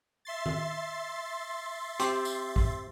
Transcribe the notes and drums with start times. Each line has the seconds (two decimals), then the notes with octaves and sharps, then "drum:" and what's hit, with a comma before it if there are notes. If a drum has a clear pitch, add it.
0.25 E5 C6 A6
0.46 drum: tom D#3
2.00 C4 G4 C5, drum: hi-hat
2.25 drum: tambourine
2.56 drum: kick